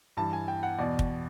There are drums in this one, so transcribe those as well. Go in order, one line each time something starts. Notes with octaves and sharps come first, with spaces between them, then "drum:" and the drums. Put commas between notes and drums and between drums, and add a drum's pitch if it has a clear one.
G2 E3 A5
G#5
G5
F#5
E2 B2 D5
drum: kick